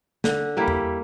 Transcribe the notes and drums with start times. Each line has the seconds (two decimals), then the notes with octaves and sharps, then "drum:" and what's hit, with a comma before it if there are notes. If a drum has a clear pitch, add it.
0.24 D3, drum: snare
0.57 G3 A#3 E4
0.68 drum: tom E2